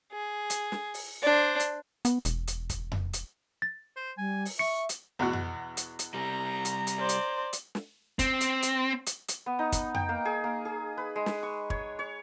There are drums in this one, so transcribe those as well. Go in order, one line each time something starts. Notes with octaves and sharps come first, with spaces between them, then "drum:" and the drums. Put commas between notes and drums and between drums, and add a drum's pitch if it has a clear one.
G#4
drum: hi-hat
drum: snare
drum: open hi-hat
D4 C5
drum: hi-hat
B3, drum: hi-hat
E1, drum: hi-hat
drum: hi-hat
drum: kick, hi-hat
drum: tom F2
drum: hi-hat
A6
C5
G3 G#5
drum: open hi-hat
E5 C#6 C#7
drum: hi-hat
E2 B2 F#4
drum: tom F2
drum: hi-hat
drum: hi-hat
C3 G3 A#5
drum: hi-hat
drum: hi-hat
C5 D5
drum: hi-hat
drum: hi-hat
drum: snare
C4, drum: kick, hi-hat
drum: hi-hat
drum: hi-hat
drum: hi-hat
drum: hi-hat
B3
D#4
drum: kick, hi-hat
G5, drum: tom F2
A#3
G#4
A#3
G#4
B4
G#3
drum: snare
C#6
C#5, drum: kick
C#5